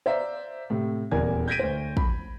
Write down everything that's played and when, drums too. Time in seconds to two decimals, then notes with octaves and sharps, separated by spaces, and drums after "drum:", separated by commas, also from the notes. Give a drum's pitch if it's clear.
0.06 C5 D5 E5 F5 A#5
0.70 A2 C3
1.11 D#1 E2 A#4 D5 G#5 G#6
1.48 G6 G#6 A#6 B6 D7 D#7
1.59 D2 C5
1.97 B5, drum: kick